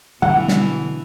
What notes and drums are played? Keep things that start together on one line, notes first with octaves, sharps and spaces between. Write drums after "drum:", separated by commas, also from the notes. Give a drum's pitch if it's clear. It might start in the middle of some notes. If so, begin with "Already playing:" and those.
B2 D3 E3 F#3 A3 F#5
drum: snare